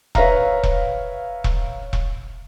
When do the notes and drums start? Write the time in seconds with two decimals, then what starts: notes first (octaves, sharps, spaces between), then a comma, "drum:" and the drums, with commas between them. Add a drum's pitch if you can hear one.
0.15 B4 C#5 E5 F5 A#5, drum: kick E1
0.63 drum: kick E1
1.44 drum: kick E1
1.93 drum: kick E1